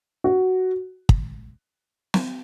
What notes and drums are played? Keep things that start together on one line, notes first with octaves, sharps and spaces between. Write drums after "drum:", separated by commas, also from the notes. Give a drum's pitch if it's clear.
F#4
drum: kick
drum: snare